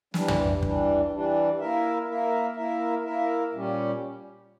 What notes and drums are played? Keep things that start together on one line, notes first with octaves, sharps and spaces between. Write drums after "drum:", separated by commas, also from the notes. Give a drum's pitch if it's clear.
E3 G3 D4, drum: snare
drum: tom
E3 G3 D4, drum: kick
E3 G3 D4
A#3 E4 A#4 E5
A#3 E4 A#4 E5
A#3 E4 A#4 E5
A#3 E4 A#4 E5
A#2 G3 C#4 G4